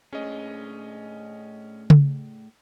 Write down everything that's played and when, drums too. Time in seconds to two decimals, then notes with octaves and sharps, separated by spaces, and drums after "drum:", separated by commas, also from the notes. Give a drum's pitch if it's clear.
0.13 A2 C#4 D4 G#4 D#5
1.90 drum: tom C#3